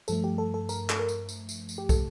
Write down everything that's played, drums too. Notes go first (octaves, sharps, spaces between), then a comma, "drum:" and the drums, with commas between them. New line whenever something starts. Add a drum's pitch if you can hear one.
G2 F3 A3 A4, drum: tambourine
G4
A4
A4
A#4, drum: tambourine
A4, drum: clap
A#4
drum: tambourine
drum: tambourine
drum: tambourine
drum: tambourine
G4
A4, drum: kick, tambourine